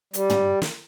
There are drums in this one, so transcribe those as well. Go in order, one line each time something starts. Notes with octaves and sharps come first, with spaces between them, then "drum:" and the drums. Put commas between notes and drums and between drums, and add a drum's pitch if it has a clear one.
G3, drum: hi-hat
drum: tom
drum: snare